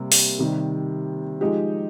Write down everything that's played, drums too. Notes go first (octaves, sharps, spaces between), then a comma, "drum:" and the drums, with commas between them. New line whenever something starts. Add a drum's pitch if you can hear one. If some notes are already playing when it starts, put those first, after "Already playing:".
Already playing: C3 G3 A#3
drum: open hi-hat
C3 D#3 G3
F3 G#3 D#4 G4